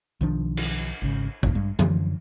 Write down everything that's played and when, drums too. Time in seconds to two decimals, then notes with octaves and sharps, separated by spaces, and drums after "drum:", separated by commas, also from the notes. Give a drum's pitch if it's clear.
0.21 B1 D#3 F3 D4
0.57 drum: cymbal
1.02 G#1 C#3
1.43 F1 G2 B2, drum: kick A1
1.55 G2
1.79 F#2 D3 F3, drum: tom E3